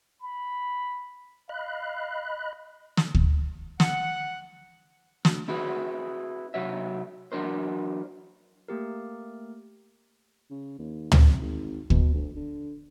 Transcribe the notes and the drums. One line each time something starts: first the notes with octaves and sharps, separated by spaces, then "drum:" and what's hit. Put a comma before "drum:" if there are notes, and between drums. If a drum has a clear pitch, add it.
B5
D#5 F5 B5 F#6
drum: snare
drum: kick
F#5, drum: snare
D2, drum: snare
C4 E4 F#4 G#4 B4
B1 F#2 C3 F#3 C#5 E5
E3 F#3 D4 A#4 C5
A3 A#3 G4 A#4
C#3
D#2
F1, drum: tom
G#1
B2, drum: kick
D2
D3